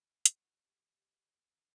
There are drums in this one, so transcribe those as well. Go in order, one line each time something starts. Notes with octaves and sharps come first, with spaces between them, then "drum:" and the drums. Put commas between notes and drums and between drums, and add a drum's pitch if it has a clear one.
drum: hi-hat
F#4
G4
G4